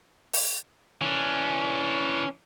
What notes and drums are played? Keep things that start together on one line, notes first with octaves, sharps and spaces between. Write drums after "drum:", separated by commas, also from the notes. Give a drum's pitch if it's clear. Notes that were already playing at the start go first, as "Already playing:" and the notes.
drum: open hi-hat
E3 C#4 D4